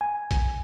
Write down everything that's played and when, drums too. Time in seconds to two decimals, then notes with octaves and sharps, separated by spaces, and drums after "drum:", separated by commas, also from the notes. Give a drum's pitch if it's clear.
0.01 G#5
0.31 drum: kick A#1, hi-hat